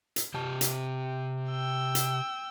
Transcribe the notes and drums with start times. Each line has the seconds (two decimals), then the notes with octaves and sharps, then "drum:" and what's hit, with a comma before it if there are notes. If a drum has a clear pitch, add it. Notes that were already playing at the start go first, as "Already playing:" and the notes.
0.16 drum: hi-hat
0.34 C3 G4 A5
0.61 drum: hi-hat
1.50 G5 E6
1.95 drum: hi-hat